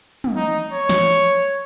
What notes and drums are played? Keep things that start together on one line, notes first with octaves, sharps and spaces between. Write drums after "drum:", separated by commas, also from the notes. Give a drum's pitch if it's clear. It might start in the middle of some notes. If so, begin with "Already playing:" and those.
drum: tom
D#4
C#5
drum: snare